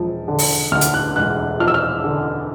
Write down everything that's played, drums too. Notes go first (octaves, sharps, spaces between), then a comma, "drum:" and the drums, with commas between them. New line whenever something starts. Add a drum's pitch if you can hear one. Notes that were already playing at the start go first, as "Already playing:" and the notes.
Already playing: E1 F3
D3
drum: open hi-hat
D2 F6
drum: hi-hat
F#6
E1 F#6
F3 F6
E6
F6
D3